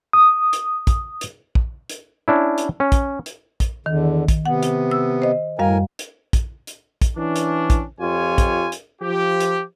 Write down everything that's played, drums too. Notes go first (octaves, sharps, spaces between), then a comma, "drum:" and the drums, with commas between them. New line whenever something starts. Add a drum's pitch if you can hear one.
D#6
drum: hi-hat
drum: kick, hi-hat
drum: hi-hat
drum: kick
drum: hi-hat
C#4 D4 E4
drum: hi-hat
C#4
drum: kick, hi-hat
drum: hi-hat
drum: kick, hi-hat
E2 D3 D#3
drum: kick, hi-hat
C3 B3 F#5
drum: hi-hat
E6
C5 D#5
F#2 A2 G3 A#4 F5 G#5
drum: hi-hat
drum: kick, hi-hat
drum: hi-hat
drum: kick, hi-hat
E3 C#4 D4
drum: hi-hat
drum: kick, hi-hat
F2 F4 G4 C#5 G#5
drum: kick, hi-hat
drum: hi-hat
F3 G4
drum: hi-hat